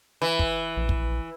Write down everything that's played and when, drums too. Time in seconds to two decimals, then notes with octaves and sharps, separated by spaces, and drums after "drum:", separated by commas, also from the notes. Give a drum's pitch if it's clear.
0.22 E3
0.39 drum: kick
0.77 A#1
0.89 drum: kick